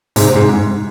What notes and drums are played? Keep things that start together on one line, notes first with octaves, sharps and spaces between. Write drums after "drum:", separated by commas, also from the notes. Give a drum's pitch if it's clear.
G#2 C3, drum: open hi-hat
G#2